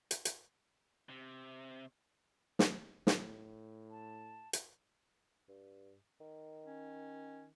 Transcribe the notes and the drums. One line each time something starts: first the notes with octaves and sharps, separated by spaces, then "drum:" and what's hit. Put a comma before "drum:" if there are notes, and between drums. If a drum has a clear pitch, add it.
drum: hi-hat
drum: hi-hat
C3
drum: snare
A2, drum: snare
A5
drum: hi-hat
G2
D#3
C#4